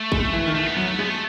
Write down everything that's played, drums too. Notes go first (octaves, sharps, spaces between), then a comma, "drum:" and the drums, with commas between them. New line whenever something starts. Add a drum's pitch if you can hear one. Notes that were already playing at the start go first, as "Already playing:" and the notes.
Already playing: A3
G#3, drum: kick G#1
E3
D#3
E3 A3
B3
F#3 B3
A3
G#3 B3
A3